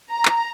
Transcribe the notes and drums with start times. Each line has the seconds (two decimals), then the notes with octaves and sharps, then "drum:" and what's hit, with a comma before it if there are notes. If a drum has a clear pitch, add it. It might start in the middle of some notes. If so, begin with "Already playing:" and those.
0.11 A#5
0.25 drum: clap